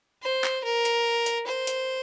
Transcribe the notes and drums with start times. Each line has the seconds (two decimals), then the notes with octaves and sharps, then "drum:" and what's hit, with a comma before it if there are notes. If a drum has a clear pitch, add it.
0.23 C5
0.44 drum: clap
0.64 A#4
0.85 drum: hi-hat
1.26 drum: hi-hat
1.46 C5
1.67 drum: hi-hat